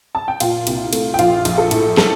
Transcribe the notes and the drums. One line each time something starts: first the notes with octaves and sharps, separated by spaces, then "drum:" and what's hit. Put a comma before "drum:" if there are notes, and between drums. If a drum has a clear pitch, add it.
A5
G5
A#2 F4 F5, drum: cymbal
C2, drum: cymbal
A3, drum: cymbal
G5
A#1 F4 F5, drum: cymbal
A#1, drum: cymbal
A4
A2, drum: cymbal
A4, drum: snare